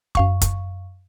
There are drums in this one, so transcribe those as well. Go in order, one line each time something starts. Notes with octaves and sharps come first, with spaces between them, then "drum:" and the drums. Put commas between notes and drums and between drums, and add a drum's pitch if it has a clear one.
F#2 F5 C#6, drum: kick
drum: kick, hi-hat